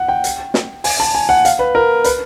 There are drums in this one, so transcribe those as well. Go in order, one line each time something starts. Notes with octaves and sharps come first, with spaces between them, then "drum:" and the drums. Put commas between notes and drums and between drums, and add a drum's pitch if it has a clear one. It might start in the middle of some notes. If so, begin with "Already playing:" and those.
Already playing: F#5
G5
drum: hi-hat
drum: snare
G#5, drum: open hi-hat
A5
G#5
F#5
F5, drum: hi-hat
B4
A#4
B4, drum: hi-hat